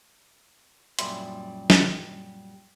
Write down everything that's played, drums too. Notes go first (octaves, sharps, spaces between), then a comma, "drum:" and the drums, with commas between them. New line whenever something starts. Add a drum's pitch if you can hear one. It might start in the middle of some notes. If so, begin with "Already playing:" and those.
F#2 A#2 G3 E5 B5 C6, drum: hi-hat
drum: snare